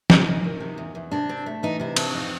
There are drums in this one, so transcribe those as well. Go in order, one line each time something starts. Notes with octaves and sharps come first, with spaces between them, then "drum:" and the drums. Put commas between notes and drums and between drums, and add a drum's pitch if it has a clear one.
E2 D#4, drum: snare
E2
D#3
C3
E2
E2
C3 D4
C4
A3
E3 D#4
C3 E4
C4 D4, drum: cymbal
F2 D#4